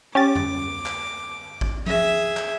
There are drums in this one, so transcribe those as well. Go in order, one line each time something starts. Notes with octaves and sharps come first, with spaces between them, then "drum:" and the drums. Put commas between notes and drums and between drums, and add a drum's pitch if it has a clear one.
C#4 G4 D6 A6
drum: tom F2
drum: clap
drum: kick
G#4 E5, drum: tom F3
drum: clap